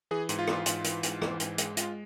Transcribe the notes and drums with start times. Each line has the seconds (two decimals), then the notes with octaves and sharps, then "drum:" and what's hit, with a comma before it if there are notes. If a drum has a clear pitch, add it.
0.11 E3 G#4
0.29 G#2, drum: hi-hat
0.39 F4
0.47 E3, drum: rim click
0.53 F4
0.66 G#2, drum: hi-hat
0.84 E3, drum: hi-hat
1.03 G#2, drum: hi-hat
1.22 E3, drum: rim click
1.40 G#2, drum: hi-hat
1.58 G#3, drum: hi-hat
1.77 G#3 F4, drum: hi-hat